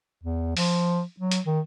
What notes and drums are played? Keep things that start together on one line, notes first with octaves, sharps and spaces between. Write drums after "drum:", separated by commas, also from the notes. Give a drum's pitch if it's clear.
E2
F3, drum: open hi-hat
F#3
drum: hi-hat
D#3